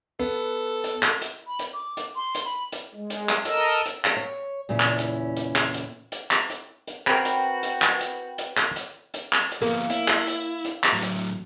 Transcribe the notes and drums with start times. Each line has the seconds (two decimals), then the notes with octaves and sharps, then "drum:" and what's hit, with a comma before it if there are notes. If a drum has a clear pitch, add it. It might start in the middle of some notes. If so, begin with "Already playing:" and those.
0.20 B3 A4
0.84 drum: hi-hat
1.03 drum: clap
1.22 drum: hi-hat
1.47 B5
1.59 drum: hi-hat
1.73 D6
1.97 drum: hi-hat
2.16 C6
2.35 drum: hi-hat
2.45 B5
2.72 drum: hi-hat
2.95 G#3
3.10 drum: hi-hat
3.29 drum: clap
3.45 A4 A#4 D#5 E6, drum: hi-hat
3.86 drum: hi-hat
4.04 drum: clap
4.17 C#5
4.69 E2 A#2 C#3 C#4 E4
4.80 drum: clap
4.99 drum: hi-hat
5.37 drum: hi-hat
5.55 drum: clap
5.74 drum: hi-hat
6.12 drum: hi-hat
6.31 drum: clap
6.50 drum: hi-hat
6.87 drum: hi-hat
7.07 C4 F#4 A#4 B4 G5, drum: clap
7.25 drum: hi-hat
7.63 drum: hi-hat
7.82 drum: clap
8.01 drum: hi-hat
8.38 drum: hi-hat
8.57 drum: clap
8.76 drum: hi-hat
9.14 drum: hi-hat
9.33 drum: clap
9.51 drum: hi-hat
9.62 F3 A#3 B3
9.90 E4, drum: hi-hat
10.08 drum: clap
10.27 drum: hi-hat
10.65 drum: hi-hat
10.84 drum: clap
10.93 A2 F#3
11.02 drum: hi-hat